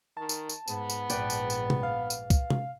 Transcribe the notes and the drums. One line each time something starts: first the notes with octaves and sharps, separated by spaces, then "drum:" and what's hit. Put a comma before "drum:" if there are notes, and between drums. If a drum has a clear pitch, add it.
D#3 A5
drum: tambourine
drum: tambourine
G#2 B3, drum: tambourine
drum: tambourine
A#1 G#2 B4 D5 G5, drum: tambourine
drum: tambourine
drum: tambourine
drum: tom C3
F5
drum: tambourine
drum: kick C2, tambourine
drum: tom C3